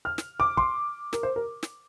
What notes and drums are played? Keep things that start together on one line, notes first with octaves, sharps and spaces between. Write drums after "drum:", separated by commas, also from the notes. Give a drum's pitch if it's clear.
F6
drum: snare
D6
C6, drum: kick
A#4, drum: snare
C5
A#4
drum: snare